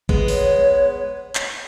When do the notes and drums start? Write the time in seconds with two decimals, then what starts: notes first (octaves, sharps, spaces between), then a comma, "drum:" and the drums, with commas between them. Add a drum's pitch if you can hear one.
0.09 G#3 B3, drum: kick
0.28 C#5, drum: open hi-hat
1.35 drum: clap